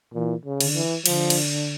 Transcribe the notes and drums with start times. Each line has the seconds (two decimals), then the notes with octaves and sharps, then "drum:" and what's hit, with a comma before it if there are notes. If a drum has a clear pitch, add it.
0.14 A#2 E3
0.45 C#3
0.61 D3, drum: cymbal
0.75 E3
1.06 D3 F3, drum: cymbal
1.30 drum: cymbal